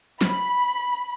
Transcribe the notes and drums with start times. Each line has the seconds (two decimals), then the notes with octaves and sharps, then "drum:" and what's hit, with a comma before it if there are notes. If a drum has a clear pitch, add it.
0.21 B5, drum: snare